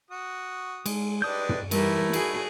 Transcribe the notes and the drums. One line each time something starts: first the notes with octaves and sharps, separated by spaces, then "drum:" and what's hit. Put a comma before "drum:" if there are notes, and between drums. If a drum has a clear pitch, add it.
F#4 D#6
G#3, drum: cymbal
G3 G#3 D4 B4 D#6 G6
drum: tom
E3 G3 A3 E4 A#4, drum: cymbal
F#4 G#4, drum: cymbal